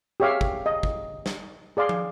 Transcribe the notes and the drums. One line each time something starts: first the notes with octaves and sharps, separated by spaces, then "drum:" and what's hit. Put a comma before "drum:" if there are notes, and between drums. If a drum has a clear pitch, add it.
G4 G#4 C#5 E5 F5
drum: kick
D#5
drum: kick
drum: snare
G#4 D5 F5 C6
drum: tom